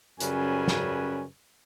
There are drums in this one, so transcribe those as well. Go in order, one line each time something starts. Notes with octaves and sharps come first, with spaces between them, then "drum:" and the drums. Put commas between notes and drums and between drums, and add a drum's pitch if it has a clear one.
F#2 C#3 G3 B4 C#5 G#5, drum: hi-hat
drum: snare